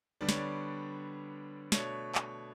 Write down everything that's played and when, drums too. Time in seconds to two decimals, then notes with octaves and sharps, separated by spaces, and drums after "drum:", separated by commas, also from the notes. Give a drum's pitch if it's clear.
0.21 D3 G3 B3 D4 D5
0.29 C#5, drum: snare
0.36 D5
1.72 B2 A3 D4 C#5, drum: snare
2.15 drum: clap